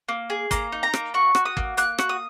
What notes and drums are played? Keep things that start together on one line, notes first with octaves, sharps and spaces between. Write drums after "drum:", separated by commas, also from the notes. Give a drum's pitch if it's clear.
A#3
G#4
A#3 A#5, drum: kick, hi-hat
D#4
A#5
A#3, drum: rim click
F#4 C#6
F#4, drum: rim click
D#6
A#3, drum: kick
A#3 F#6, drum: hi-hat
F#4, drum: rim click
D#6